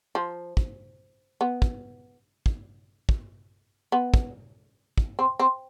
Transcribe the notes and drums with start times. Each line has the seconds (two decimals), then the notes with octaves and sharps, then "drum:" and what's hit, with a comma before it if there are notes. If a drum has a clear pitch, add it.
0.15 F3
0.57 drum: kick
1.41 B3
1.62 drum: kick
2.46 drum: kick
3.09 drum: kick
3.92 B3
4.14 drum: kick
4.98 drum: kick
5.19 C4
5.39 C4